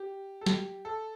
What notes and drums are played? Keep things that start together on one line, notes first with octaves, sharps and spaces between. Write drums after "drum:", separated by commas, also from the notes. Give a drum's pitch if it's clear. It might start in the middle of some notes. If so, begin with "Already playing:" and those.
Already playing: G4
A4
G4, drum: snare
A4